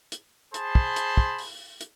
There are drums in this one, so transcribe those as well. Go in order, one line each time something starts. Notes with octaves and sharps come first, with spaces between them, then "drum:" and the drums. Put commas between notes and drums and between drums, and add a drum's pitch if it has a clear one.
drum: hi-hat
G#4 C5 A5 B5 C6, drum: hi-hat
drum: kick
drum: hi-hat
drum: kick
drum: open hi-hat
drum: hi-hat